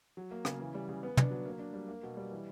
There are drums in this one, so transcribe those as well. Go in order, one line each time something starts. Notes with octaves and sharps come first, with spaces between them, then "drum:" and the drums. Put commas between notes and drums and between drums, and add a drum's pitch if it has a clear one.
F#3
A#3
C#3, drum: rim click
E3
G3
C#3
B3
D4, drum: tom
F#3
A#3
D4
G3
A#3
B2
G3
E3